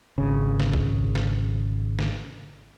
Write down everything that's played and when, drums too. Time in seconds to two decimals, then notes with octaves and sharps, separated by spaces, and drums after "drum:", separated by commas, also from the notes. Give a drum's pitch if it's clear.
0.18 G#1 C#3
0.60 drum: snare
0.73 drum: kick
1.15 drum: snare
1.99 drum: snare